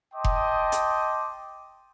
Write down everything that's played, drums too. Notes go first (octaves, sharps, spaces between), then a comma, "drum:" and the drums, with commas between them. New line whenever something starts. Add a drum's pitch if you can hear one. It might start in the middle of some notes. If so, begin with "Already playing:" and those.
D#5 G5 A5 C6 D6 D#6
drum: kick F1
drum: hi-hat